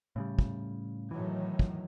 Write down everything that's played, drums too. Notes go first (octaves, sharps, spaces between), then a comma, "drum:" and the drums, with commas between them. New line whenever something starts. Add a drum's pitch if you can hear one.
A2 C#3 G3
drum: kick
A2 D#3 E3 F#3
drum: kick